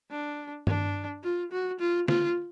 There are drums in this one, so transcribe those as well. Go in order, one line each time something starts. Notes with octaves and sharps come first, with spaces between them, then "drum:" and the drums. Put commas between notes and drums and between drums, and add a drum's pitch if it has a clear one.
D4
D4, drum: tom G2
F4
F#4
F4
F4, drum: snare